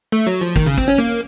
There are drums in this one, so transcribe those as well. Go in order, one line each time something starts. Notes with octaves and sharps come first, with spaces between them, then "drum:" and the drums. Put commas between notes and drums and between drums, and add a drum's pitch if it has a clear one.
A3
F#3
F3
D#3, drum: kick
C#3
C4, drum: kick
C#4
A#3